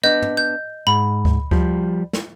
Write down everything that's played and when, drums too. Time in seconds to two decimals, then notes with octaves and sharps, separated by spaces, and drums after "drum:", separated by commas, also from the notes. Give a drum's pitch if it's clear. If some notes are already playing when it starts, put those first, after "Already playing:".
0.04 B3 D4 D#5 G6
0.22 drum: tom
0.37 G6
0.87 G#2 B5
1.25 drum: kick D2
1.51 F3 G3, drum: kick D2
2.13 drum: snare